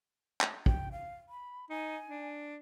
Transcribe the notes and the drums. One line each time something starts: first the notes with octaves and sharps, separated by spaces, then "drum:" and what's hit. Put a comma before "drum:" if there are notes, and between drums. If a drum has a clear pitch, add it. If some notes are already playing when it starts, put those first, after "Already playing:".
drum: clap
G5, drum: kick
F5
B5
D#4 G#5
D4